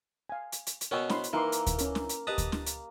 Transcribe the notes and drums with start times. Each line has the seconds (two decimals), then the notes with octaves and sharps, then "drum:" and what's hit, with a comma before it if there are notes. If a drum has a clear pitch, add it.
0.29 F5 G#5
0.52 drum: hi-hat
0.67 drum: hi-hat
0.81 drum: hi-hat
0.91 B2 B3 C#4 A#4 G5 E6
1.10 E4 C5 B5 C6, drum: snare
1.24 drum: hi-hat
1.33 E3 A#3 D#4 A#4 C6
1.52 drum: hi-hat
1.67 drum: kick D2, hi-hat
1.79 C#4 A#4, drum: hi-hat
1.95 drum: snare
2.09 drum: hi-hat
2.27 G4 B4 D#5 A5 A#5 D#6
2.38 drum: kick D2, hi-hat
2.52 drum: snare
2.67 drum: hi-hat